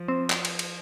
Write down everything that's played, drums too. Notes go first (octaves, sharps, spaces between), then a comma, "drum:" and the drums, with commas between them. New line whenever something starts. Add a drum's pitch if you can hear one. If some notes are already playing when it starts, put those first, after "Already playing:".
Already playing: F3
C4
drum: clap
drum: cymbal
drum: cymbal